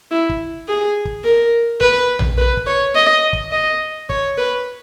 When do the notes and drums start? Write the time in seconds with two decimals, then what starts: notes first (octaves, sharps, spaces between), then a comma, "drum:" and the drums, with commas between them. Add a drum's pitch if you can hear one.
0.11 E4
0.29 drum: kick
0.68 G#4
1.05 drum: kick
1.24 A#4
1.81 B4, drum: kick
2.19 drum: tom A#1
2.38 B4
2.57 drum: kick
2.67 C#5
2.95 D#5
3.33 drum: kick
3.52 D#5
4.09 C#5, drum: kick
4.37 B4